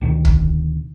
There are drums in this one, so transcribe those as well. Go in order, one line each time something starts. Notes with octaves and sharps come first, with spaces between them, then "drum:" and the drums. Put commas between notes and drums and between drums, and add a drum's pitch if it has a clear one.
D2 B2 D#3
drum: kick